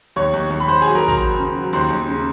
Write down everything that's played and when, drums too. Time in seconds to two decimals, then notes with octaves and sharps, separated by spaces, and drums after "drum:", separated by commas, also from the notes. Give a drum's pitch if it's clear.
0.16 D#2 C#5 C#6
0.33 D#2
0.50 D#2
0.60 B5
0.68 D#2 C5 C6
0.81 F#3 G#4 G#5, drum: hi-hat
0.95 A#4 A#5
1.03 F#3
1.08 A#4 A#5, drum: kick, hi-hat
1.21 F#3
1.39 C#3
1.56 F#3
1.73 D#2 C5 C6
1.90 D#2
2.08 C#3